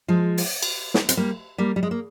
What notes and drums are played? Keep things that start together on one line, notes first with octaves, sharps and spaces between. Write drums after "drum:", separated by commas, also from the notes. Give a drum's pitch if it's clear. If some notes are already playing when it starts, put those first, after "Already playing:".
F3 G#3
drum: open hi-hat
drum: cymbal
drum: snare
C4, drum: hi-hat
G3 A#3
G3 A#3
G3
G#3
A#3